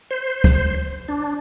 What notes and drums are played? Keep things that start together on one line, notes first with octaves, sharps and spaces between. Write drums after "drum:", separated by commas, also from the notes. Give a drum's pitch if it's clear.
C5
drum: kick
D4